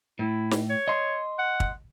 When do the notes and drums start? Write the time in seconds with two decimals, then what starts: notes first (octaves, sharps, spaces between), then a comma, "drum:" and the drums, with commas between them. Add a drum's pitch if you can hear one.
0.19 A2 E4
0.51 drum: snare
0.70 C#5
0.88 D#5 C6
1.39 F#5
1.60 drum: kick